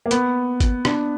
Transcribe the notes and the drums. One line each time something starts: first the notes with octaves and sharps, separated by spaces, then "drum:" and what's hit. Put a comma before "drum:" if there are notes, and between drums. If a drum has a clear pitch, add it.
A#3
B3, drum: hi-hat
drum: kick, hi-hat
D4, drum: rim click